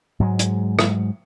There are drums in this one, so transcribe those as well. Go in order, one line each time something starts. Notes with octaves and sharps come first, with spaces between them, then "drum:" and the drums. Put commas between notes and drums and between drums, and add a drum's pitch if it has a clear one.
G#2 F#3 G#3
drum: hi-hat
drum: rim click